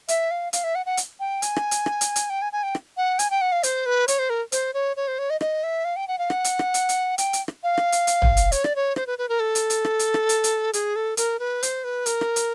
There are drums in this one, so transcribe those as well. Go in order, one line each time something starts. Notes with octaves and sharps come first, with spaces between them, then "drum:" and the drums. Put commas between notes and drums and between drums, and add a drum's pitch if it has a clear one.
E5, drum: hi-hat
F5
F5, drum: hi-hat
E5
F#5
F#5
drum: hi-hat
G5
G#5, drum: hi-hat
drum: rim click
drum: hi-hat
drum: rim click
drum: hi-hat
drum: hi-hat
G5
G#5
G#5
G5
drum: rim click
F#5
G#5, drum: hi-hat
G5
F#5
F5
C5, drum: hi-hat
B4
C#5, drum: hi-hat
C5
A#4
C5, drum: hi-hat
C#5
C#5
C5
C#5
D#5
D#5, drum: rim click
E5
F5
G5
F#5
F5
F#5, drum: rim click
drum: hi-hat
drum: rim click
drum: hi-hat
drum: hi-hat
G5, drum: hi-hat
drum: hi-hat
drum: rim click
F5
drum: rim click
drum: hi-hat
drum: hi-hat
drum: tom
drum: hi-hat
C#5, drum: hi-hat
D5, drum: rim click
C#5
C5, drum: rim click
B4
B4
A#4
A4
drum: hi-hat
drum: hi-hat
drum: rim click
drum: hi-hat
drum: rim click
drum: hi-hat
drum: hi-hat
G#4, drum: hi-hat
A4
A#4, drum: hi-hat
B4
C5, drum: hi-hat
B4
A#4, drum: hi-hat
drum: rim click
drum: hi-hat